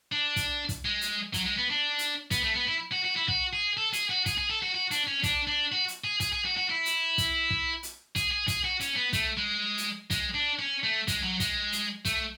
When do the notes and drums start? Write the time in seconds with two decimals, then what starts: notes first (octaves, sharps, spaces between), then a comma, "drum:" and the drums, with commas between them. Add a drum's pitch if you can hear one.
0.12 D4
0.36 drum: kick, hi-hat
0.69 drum: kick, hi-hat
0.85 G#3
1.01 drum: hi-hat
1.34 F#3, drum: kick, hi-hat
1.46 G#3
1.58 B3
1.70 D4
1.99 drum: hi-hat
2.31 B3, drum: kick, hi-hat
2.43 A3
2.55 B3
2.67 E4
2.92 F#4
3.04 F#4
3.16 E4
3.28 F#4, drum: kick
3.53 G#4
3.77 A4
3.93 G#4, drum: hi-hat
4.10 F#4
4.26 G#4, drum: kick, hi-hat
4.38 G#4
4.50 A4
4.62 F#4
4.74 F#4
4.91 D4, drum: hi-hat
5.07 C#4
5.23 D4, drum: kick, hi-hat
5.48 D4
5.72 F#4
5.88 drum: hi-hat
6.04 G#4
6.20 G#4, drum: kick, hi-hat
6.32 G#4
6.45 F#4
6.57 F#4
6.70 E4
6.86 drum: hi-hat
7.18 drum: kick, hi-hat
7.50 drum: kick
7.83 drum: hi-hat
8.16 G#4, drum: kick, hi-hat
8.31 G#4
8.48 G#4, drum: kick, hi-hat
8.64 F#4
8.80 C#4, drum: hi-hat
8.97 B3
9.13 A3, drum: kick, hi-hat
9.37 G#3
9.78 drum: hi-hat
10.10 G#3, drum: kick, hi-hat
10.34 D4
10.59 C#4
10.83 A3
11.08 G#3, drum: kick, hi-hat
11.23 F#3
11.40 G#3, drum: kick, hi-hat
11.72 drum: hi-hat
12.05 A3, drum: kick, hi-hat